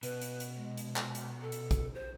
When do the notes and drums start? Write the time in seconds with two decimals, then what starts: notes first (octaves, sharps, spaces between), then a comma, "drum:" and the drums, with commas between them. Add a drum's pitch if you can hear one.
0.03 B2 B4, drum: hi-hat
0.21 drum: hi-hat
0.40 drum: hi-hat
0.55 G#3
0.77 drum: hi-hat
0.96 drum: clap
1.15 drum: hi-hat
1.42 A4
1.52 drum: hi-hat
1.71 drum: kick, hi-hat
1.94 C5